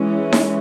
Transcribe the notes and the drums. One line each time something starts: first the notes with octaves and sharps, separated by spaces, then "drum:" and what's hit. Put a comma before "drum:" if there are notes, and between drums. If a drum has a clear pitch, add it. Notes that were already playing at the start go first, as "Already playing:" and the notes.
Already playing: E3 G#3 C#4
drum: snare D#4